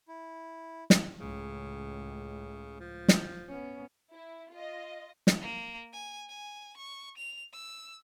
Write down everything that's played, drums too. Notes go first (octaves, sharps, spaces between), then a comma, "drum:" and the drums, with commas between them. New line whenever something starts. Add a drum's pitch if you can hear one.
E4
drum: snare
C#2 A2 C#3
F3
drum: snare
B3 C#4
E4
F4 D#5
drum: snare
A#3
G#5
G#5
C#6
F7
E6